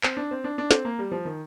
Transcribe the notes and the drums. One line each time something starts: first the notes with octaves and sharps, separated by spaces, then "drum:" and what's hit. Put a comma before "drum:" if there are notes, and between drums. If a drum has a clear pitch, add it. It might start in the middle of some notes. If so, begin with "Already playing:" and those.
C4, drum: clap
D4
C4
D4
D4
C4, drum: snare
A#3
G3
F3
D#3